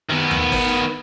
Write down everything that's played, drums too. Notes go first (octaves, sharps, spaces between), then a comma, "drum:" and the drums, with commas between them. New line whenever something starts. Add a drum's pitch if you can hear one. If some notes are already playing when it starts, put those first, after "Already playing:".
D#3 B3
drum: tom D#2
drum: kick, open hi-hat